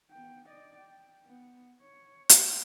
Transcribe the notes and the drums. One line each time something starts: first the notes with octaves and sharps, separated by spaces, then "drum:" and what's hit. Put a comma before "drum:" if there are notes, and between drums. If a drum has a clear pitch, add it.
B3 G5
D5 D#5
G5
B3
C#5
C5 F#5, drum: hi-hat